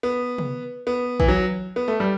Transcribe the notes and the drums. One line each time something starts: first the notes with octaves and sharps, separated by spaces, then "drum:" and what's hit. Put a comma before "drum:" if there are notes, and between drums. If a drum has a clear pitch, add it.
B3
drum: tom
B3
E3, drum: kick
F#3
B3
A3
G3